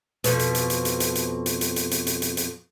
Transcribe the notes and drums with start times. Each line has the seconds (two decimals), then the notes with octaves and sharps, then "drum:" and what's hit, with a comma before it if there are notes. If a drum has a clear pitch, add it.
0.24 F2 B2, drum: hi-hat
0.39 drum: hi-hat
0.55 drum: hi-hat
0.70 drum: hi-hat
0.85 drum: hi-hat
1.00 drum: hi-hat
1.15 drum: hi-hat
1.46 drum: hi-hat
1.61 drum: hi-hat
1.76 drum: hi-hat
1.91 drum: hi-hat
2.07 drum: hi-hat
2.22 drum: hi-hat
2.37 drum: hi-hat